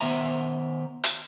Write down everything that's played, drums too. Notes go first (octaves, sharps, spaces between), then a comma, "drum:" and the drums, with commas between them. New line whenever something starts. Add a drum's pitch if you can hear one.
D#3 B3 C5 E5 A#5
drum: hi-hat